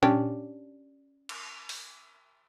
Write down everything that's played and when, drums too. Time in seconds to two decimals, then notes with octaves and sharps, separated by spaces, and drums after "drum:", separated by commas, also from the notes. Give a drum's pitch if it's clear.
0.03 C#4 D4 G4, drum: tom A#2
1.29 drum: cymbal
1.69 drum: open hi-hat